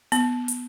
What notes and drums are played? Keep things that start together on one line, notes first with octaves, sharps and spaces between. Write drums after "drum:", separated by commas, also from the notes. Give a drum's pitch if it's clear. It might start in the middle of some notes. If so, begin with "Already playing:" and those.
B3, drum: hi-hat
drum: hi-hat